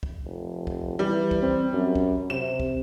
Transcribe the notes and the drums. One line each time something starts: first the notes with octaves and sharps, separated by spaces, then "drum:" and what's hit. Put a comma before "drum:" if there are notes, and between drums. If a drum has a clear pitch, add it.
drum: kick
F1
drum: kick
E3 G3
drum: kick
C4
F#2
drum: kick
C3 E7
drum: kick